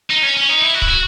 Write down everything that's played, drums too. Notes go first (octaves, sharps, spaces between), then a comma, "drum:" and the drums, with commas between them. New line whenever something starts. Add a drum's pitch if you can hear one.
D#4
C#4
C#4
D#4
E4
F#4
E4, drum: kick
F#4